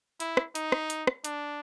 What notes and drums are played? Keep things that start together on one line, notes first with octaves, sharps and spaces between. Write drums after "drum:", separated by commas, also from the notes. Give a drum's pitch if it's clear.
E4, drum: hi-hat
drum: rim click
D#4, drum: hi-hat
drum: rim click
drum: hi-hat
drum: rim click
D4, drum: hi-hat